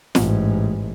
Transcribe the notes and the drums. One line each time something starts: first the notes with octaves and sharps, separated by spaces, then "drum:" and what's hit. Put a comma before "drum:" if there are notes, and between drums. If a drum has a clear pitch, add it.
A1 G#2, drum: snare